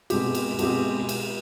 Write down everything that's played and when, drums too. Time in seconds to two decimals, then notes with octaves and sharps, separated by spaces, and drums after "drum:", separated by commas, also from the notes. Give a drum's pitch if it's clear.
0.10 B2 G#3 C4 G4, drum: cymbal
0.35 drum: cymbal
0.59 B2 G#3 C4 G4, drum: cymbal
1.09 drum: cymbal